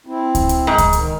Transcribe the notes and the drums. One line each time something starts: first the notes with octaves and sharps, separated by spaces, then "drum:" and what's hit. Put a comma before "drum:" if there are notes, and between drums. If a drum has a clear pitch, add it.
C4 E4
drum: kick C#2, hi-hat
drum: hi-hat
G#2
drum: kick C#2, hi-hat
D#3, drum: hi-hat